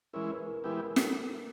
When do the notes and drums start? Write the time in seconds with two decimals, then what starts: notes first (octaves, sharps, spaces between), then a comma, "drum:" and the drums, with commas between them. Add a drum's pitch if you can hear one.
0.13 E3 G#3 C#4 E4 A#4
0.31 B4
0.46 A#4
0.64 E3 G#3 B3 E4 G4 B4
0.80 A#4
0.96 A4, drum: snare